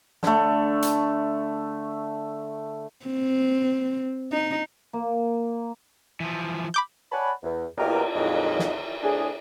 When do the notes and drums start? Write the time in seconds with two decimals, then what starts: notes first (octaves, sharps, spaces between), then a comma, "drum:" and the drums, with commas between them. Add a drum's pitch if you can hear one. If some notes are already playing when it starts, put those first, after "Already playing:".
0.23 D3 A3, drum: snare
0.82 drum: hi-hat
3.06 C4
4.32 D#4
4.93 A#3
6.20 E3 F3
6.74 B5 D6 G6
7.12 C#5 D5 F#5 G#5 A5 B5
7.43 E2
7.78 B2 F#3 A#3 G4 A#4, drum: cymbal
8.15 F2 A#2 F#3 G#3 D#4
8.59 drum: snare
9.02 A2 C3 D4 G#4